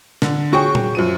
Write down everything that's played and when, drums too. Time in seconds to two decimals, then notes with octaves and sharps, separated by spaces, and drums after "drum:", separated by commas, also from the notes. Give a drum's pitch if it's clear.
0.22 D3, drum: snare
0.53 F#4 G#4 C#5 G5 C#6
0.75 drum: tom A#2
0.95 F#2 F3 D#7